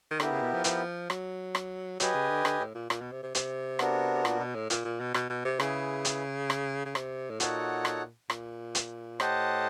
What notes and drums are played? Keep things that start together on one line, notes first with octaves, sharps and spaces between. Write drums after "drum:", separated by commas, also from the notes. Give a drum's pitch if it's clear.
D#3
D3 B3 E4 G4 A#4, drum: rim click
C#3
B2
F3
F3, drum: hi-hat
F#3, drum: rim click
drum: rim click
F#3 G4 B4 D#5 G#5, drum: hi-hat
C#3
D3
D3, drum: rim click
A2
A#2
A#2, drum: rim click
B2
C3
C3
C3, drum: hi-hat
B3 D4 F#4 A#4, drum: rim click
A#2, drum: rim click
B2
A2
A#2, drum: hi-hat
A#2
B2
B2, drum: rim click
B2
C3
C#3 E4 G#4 B4, drum: rim click
drum: hi-hat
drum: rim click
C#3
C3, drum: rim click
A2
A#2 D#4 F#4 A4 C#5 F#5, drum: hi-hat
drum: rim click
A#2, drum: rim click
drum: hi-hat
A2 G4 C5 D#5 F#5 A5, drum: rim click